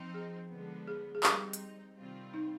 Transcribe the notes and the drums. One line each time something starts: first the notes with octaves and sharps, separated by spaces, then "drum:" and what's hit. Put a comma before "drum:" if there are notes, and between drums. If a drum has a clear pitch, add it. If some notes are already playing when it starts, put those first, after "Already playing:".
Already playing: F3 C4 D#4
G#4
D3 F3 G#3 B3
G#4
G#4
G3 C4 D#4 G4, drum: clap
drum: hi-hat
C3 D#3 G3 C4 F4
D#4